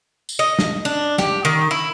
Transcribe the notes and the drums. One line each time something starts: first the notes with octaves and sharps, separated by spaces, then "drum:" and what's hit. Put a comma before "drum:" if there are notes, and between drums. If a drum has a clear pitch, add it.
drum: tambourine
D#5
drum: snare
D4
G4, drum: snare
D#3
E4